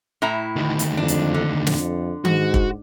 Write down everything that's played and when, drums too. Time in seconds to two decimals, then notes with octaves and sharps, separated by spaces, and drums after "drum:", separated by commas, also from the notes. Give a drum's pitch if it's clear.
0.22 A2 E4 A#5
0.56 D2 D#3
0.79 drum: hi-hat
0.97 F2 D4
1.08 drum: hi-hat
1.34 D3
1.67 drum: snare
1.79 F2
2.25 G#2 F#4, drum: tom D#3
2.54 drum: kick